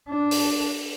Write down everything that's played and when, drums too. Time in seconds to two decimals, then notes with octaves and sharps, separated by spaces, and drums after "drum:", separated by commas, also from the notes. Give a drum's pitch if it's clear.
0.09 D4
0.31 drum: open hi-hat